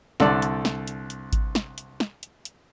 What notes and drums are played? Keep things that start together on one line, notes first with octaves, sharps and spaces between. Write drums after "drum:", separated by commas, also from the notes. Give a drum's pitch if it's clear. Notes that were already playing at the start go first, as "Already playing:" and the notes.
C2 D3 A4 D5, drum: snare
drum: hi-hat
drum: snare
drum: hi-hat
drum: hi-hat
drum: kick G#1, hi-hat
drum: snare
drum: hi-hat
drum: snare
drum: hi-hat
drum: hi-hat